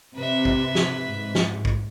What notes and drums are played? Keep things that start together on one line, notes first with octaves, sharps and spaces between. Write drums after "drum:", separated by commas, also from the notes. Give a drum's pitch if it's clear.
C3 B4 E5
drum: kick
drum: snare
G#2
drum: snare
drum: kick